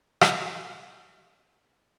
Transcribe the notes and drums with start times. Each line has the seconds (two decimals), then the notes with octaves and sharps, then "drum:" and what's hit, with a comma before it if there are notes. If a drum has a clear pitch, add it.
0.21 drum: rim click
0.41 B5 A#6
0.59 E5
1.42 C6